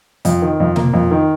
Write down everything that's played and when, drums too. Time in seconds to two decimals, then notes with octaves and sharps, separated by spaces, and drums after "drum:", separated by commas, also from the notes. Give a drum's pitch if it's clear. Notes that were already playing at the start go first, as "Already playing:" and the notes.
0.25 F2, drum: hi-hat
0.42 D#3
0.60 F2
0.76 A#3, drum: tom B2
0.93 F2
1.11 D#3